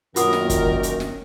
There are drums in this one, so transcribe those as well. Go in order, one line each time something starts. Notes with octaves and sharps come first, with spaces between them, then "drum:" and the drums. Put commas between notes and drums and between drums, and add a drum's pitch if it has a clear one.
F#2 A#2 D#3 F4 A#4 F#5 D#6, drum: hi-hat
drum: snare
drum: kick, hi-hat
drum: kick
drum: hi-hat
drum: snare